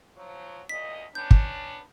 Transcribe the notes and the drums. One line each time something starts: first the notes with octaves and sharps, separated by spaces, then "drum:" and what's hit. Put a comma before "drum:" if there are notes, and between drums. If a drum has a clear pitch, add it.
F3 F#3
D2 A#2 D#5 B6
B3 C#4 D4 G6
drum: kick